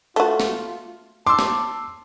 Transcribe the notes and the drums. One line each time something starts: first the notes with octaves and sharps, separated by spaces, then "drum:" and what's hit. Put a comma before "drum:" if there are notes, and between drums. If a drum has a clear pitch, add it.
A3 F4 F#4, drum: hi-hat
drum: snare
A5 C6 D6 E6
drum: snare